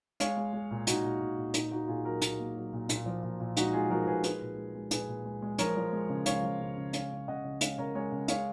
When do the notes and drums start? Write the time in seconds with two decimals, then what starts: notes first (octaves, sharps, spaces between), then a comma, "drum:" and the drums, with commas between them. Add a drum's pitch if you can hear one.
0.20 G#3 C#5 F5, drum: hi-hat
0.37 G#3
0.53 G#3
0.71 A#2
0.87 A#2 D#4 F#4, drum: hi-hat
1.03 A#2
1.20 A#2
1.37 A#2
1.54 A#2 D#4, drum: hi-hat
1.71 A#3 D#4 F#4
1.88 A#2 F4 G#4
2.05 F#3 F#4 A#4
2.21 A#2, drum: hi-hat
2.39 A#3
2.56 F#3
2.73 A#2
2.89 A#2, drum: hi-hat
3.06 F3
3.23 A#2
3.40 A#2
3.57 G#3 D#4 F#4, drum: hi-hat
3.73 G#3 F4 G#4
3.90 F3 F#4 A#4
4.07 A#2 G#4 B4
4.24 G#3 G#4 B4, drum: hi-hat
4.42 A#2
4.57 G#3
4.75 G#3
4.91 A#2 G#4 B4, drum: hi-hat
5.08 A#2
5.25 G#3
5.42 G#3
5.58 F3 A#4 C#5, drum: hi-hat
5.76 F3
5.92 G#3
6.09 C#3
6.26 G#3 C#5 F5, drum: hi-hat
6.43 F3
6.61 C#3
6.76 C#3
6.93 G#3 C#5 F5, drum: hi-hat
7.11 C#3
7.28 C#3 D#5 F#5
7.44 C#3
7.61 G#3 C#5 F5, drum: hi-hat
7.78 C#3 A#4 C#5
7.95 G#3 A#4 C#5
8.12 C#3
8.28 G#3 C#5 F5, drum: hi-hat